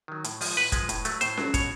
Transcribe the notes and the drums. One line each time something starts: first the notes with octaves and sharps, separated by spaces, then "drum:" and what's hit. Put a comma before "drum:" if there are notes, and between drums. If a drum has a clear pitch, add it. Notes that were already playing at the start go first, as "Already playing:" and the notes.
D#3 F#3
A2, drum: hi-hat
F3 G#3, drum: open hi-hat
A2 B4
F3 G#3, drum: kick, hi-hat
A2, drum: hi-hat
F#3 A3, drum: hi-hat
A2 C5, drum: hi-hat
F#3 A3, drum: snare C#4
B2 C#5, drum: kick, hi-hat